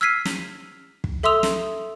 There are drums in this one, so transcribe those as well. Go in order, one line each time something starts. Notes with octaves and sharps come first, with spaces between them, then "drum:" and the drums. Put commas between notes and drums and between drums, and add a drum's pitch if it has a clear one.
E6 F6 G#6 B6 C7 D#7
drum: snare
drum: kick
A4 E5 C6 D#6 E6 F7
drum: snare